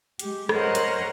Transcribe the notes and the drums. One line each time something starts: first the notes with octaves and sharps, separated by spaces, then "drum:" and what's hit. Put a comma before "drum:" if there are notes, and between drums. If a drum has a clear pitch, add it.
G#3 G4, drum: hi-hat
A#4 C5 C#5 D#5 F#5, drum: rim click
drum: hi-hat